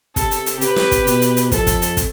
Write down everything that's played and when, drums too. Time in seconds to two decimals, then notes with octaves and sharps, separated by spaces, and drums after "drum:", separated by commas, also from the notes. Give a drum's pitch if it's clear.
0.16 C3 A4, drum: kick, hi-hat
0.31 drum: hi-hat
0.46 drum: hi-hat
0.61 C3 G4 B4, drum: hi-hat
0.76 drum: snare
0.91 drum: kick, hi-hat
1.07 B2, drum: hi-hat
1.22 drum: hi-hat
1.37 drum: hi-hat
1.51 F2 A4, drum: kick, hi-hat
1.67 drum: kick, hi-hat
1.82 drum: hi-hat
1.97 drum: kick, hi-hat